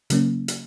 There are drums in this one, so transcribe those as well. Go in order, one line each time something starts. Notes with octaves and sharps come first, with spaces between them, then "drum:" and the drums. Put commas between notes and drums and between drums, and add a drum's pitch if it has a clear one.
C#3 F#3 A#3 C#4, drum: hi-hat
drum: hi-hat